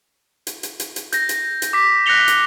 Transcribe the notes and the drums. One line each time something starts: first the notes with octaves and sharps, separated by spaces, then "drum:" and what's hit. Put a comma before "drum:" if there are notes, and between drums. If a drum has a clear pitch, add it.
drum: hi-hat
drum: hi-hat
drum: hi-hat
drum: hi-hat
G6 A#6, drum: hi-hat
drum: hi-hat
drum: hi-hat
D6 B6
F#6 A#6 B6 C#7 F7 G7
drum: hi-hat